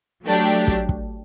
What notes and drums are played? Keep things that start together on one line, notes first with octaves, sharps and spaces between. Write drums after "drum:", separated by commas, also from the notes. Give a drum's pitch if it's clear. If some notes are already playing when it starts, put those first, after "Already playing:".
F#3 A3 D4 G4
drum: kick
drum: kick